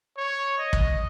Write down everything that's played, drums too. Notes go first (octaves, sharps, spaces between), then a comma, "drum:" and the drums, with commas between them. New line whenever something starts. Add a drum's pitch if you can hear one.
C#5
D#5
drum: kick